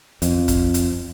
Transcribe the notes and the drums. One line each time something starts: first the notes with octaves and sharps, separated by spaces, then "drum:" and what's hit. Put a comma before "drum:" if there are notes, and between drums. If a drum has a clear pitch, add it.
F2, drum: hi-hat
drum: kick, hi-hat
drum: hi-hat